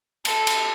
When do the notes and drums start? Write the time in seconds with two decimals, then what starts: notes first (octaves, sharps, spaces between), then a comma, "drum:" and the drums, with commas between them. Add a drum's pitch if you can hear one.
0.25 A4, drum: cymbal
0.47 drum: cymbal